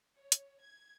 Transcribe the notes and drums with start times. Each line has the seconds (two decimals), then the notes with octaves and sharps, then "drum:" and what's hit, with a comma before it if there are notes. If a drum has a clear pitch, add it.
0.17 C#5
0.32 drum: hi-hat
0.60 G#6